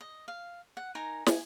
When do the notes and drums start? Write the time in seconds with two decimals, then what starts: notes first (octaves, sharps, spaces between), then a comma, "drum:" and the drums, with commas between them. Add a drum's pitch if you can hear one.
0.01 D#5
0.28 F5
0.77 F#5
0.95 D#4 A#4 G#5 A#5
1.26 G#5, drum: snare